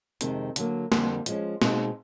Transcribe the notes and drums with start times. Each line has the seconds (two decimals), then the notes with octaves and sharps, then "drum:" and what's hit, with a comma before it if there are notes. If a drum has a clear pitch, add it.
0.21 F2 C3 D#3 G#3, drum: hi-hat
0.56 D3 F#3 A#3, drum: hi-hat
0.92 F2 D3 G3 A#3, drum: snare
1.26 F3 G#3 C#4, drum: hi-hat
1.62 B2 G#3 C4 D#4 G#4, drum: snare